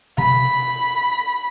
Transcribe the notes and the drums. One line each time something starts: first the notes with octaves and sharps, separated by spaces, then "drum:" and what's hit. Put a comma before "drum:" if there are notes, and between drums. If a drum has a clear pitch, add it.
B5, drum: tom B2